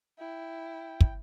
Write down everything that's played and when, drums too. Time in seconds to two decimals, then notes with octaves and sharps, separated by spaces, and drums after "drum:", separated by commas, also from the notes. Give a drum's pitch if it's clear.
0.19 E4 G5
1.01 drum: kick